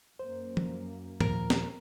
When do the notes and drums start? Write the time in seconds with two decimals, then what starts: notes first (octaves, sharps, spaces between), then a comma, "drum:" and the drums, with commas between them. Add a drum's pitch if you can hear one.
0.19 F#2 A#3 C5
0.57 drum: tom F3
1.20 D#2 A#2 F3 A#4, drum: tom
1.50 drum: snare